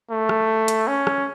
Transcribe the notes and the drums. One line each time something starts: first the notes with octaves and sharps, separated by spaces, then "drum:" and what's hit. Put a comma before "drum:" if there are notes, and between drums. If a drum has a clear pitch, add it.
A3
drum: rim click
drum: hi-hat
C#4
drum: rim click